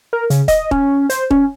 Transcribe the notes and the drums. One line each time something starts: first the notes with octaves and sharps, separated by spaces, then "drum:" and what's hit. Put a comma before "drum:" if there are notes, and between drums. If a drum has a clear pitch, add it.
A#4
C#3, drum: hi-hat
D#5, drum: kick D#1, hi-hat
C#4, drum: kick D#1
C5, drum: hi-hat
C#4, drum: kick D#1